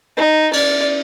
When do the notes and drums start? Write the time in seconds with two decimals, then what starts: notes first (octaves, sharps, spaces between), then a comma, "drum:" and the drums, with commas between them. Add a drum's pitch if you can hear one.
0.17 D#4
0.53 D5, drum: cymbal